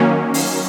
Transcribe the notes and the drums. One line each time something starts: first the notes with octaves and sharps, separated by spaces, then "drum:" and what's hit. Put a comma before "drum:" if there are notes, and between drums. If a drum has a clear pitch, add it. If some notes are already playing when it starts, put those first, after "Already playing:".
Already playing: D#3 F#3 A#3 C#4
drum: open hi-hat